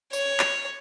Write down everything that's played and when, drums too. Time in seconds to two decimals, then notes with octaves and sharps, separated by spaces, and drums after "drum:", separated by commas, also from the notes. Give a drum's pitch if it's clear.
0.13 C#5, drum: tambourine
0.39 drum: clap